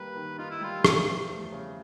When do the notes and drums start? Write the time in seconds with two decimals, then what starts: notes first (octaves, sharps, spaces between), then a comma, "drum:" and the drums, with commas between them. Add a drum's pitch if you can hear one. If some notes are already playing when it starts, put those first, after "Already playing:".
Already playing: D#3 G3 A#3 B4
0.16 D#3
0.38 D#4 F4
0.51 E4
0.61 G3 F4
0.85 F3, drum: rim click
1.07 E2
1.29 A3
1.52 C#3